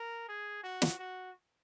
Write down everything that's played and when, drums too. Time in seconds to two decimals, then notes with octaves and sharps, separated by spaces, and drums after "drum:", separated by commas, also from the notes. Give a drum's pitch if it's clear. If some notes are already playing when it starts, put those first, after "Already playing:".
Already playing: A#4
0.29 G#4
0.64 F#4
0.82 drum: snare
0.99 F#4